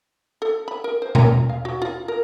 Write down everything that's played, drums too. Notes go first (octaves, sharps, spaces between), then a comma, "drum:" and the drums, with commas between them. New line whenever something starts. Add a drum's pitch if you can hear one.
A4
B5
A#4
C5
A#4, drum: tom B2
F5
F#4
F4
A#4